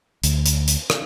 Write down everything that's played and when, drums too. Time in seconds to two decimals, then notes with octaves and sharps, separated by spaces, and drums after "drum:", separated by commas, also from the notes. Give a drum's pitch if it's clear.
0.24 D2, drum: hi-hat
0.46 drum: hi-hat
0.68 drum: hi-hat
0.90 drum: rim click